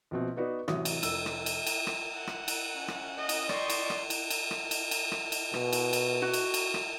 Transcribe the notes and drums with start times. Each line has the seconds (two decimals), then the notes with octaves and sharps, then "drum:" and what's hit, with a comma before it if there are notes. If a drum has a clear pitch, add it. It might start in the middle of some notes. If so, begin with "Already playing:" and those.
0.11 A#1 B2 C4
0.36 B3 D#4 F#4 B4 D5
0.68 A1 C3 F#3 D#6, drum: rim click
0.85 drum: cymbal
1.03 F1 E6, drum: cymbal
1.26 drum: rim click
1.46 drum: cymbal
1.67 drum: cymbal
1.87 drum: rim click
2.15 F#5
2.27 drum: rim click
2.48 drum: cymbal
2.75 C#4
2.88 drum: rim click
3.15 D#5
3.29 drum: cymbal
3.49 D5 G5 C6 C#6, drum: rim click
3.70 drum: cymbal
3.90 drum: rim click
4.10 drum: cymbal
4.30 drum: cymbal
4.51 drum: rim click
4.71 drum: cymbal
4.91 drum: cymbal
5.12 drum: rim click
5.32 drum: cymbal
5.54 B2, drum: rim click
5.73 drum: cymbal
5.93 drum: cymbal
6.22 F#4
6.33 drum: cymbal
6.54 drum: cymbal
6.74 drum: rim click